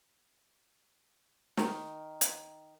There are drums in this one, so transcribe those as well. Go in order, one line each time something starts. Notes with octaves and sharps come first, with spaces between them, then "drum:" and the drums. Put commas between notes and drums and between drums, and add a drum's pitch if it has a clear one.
D#3, drum: snare
drum: hi-hat